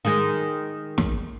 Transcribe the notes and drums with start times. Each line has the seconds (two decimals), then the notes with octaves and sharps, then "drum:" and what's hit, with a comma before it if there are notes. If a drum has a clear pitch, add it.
0.05 D#3 G#3
0.98 drum: snare